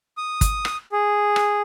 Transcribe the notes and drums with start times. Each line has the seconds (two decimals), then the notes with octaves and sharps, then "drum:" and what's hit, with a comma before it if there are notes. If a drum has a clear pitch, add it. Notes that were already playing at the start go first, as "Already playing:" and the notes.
0.17 D#6
0.41 drum: kick, hi-hat
0.65 drum: rim click
0.92 G#4
1.36 drum: rim click